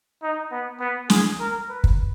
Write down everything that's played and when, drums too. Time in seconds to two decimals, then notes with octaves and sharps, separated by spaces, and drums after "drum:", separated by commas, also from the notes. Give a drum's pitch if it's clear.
0.22 D#4
0.51 B3
0.80 B3
1.10 G#4, drum: snare
1.39 A#4
1.69 B4
1.84 drum: kick